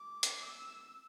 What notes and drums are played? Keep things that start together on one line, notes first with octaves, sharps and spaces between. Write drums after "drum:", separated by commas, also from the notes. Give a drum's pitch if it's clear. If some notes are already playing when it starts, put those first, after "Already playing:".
Already playing: D6
drum: hi-hat
E6